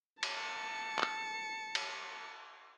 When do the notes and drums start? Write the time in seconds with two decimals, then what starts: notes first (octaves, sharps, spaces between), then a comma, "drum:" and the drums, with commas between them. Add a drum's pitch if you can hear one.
0.23 A5 C#7, drum: cymbal
0.99 drum: clap
1.75 drum: cymbal